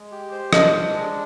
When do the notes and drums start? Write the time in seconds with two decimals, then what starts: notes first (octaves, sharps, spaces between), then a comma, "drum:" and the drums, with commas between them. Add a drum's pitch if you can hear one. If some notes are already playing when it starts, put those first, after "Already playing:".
Already playing: G#3
0.12 G4
0.32 C5
0.53 D4 D#5, drum: rim click
0.74 D4
0.94 G#3